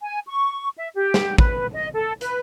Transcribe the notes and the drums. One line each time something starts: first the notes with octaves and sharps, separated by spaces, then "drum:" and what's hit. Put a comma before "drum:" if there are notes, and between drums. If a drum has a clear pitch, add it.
G#5
C#6
E5
G4
drum: snare
B4, drum: kick
D#5
A4
B4, drum: hi-hat